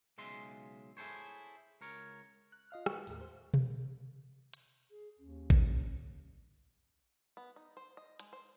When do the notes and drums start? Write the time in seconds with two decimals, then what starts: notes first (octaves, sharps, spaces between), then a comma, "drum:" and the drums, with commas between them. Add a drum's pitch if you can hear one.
0.18 B1 C#3 G#3 E5 C6
0.97 E4 G#4 A4 C5 C#5
1.81 C#2 A#4 C#5
2.52 F#6
2.71 F4 D#5 F5 F6
2.86 G#3 B4 F#5 C#6, drum: rim click
3.07 D#2 A2, drum: open hi-hat
3.21 C5
3.54 drum: tom B2
4.54 drum: hi-hat
4.90 G#4
5.19 D#2 C#4
5.50 drum: kick A1
7.37 B3
7.56 D#4
7.77 C5
7.97 D#5
8.20 G#3, drum: hi-hat
8.33 C5